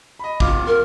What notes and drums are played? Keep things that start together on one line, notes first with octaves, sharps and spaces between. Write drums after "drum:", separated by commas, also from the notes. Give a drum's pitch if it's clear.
D#5 B5
D1 F4 D6, drum: kick
A#4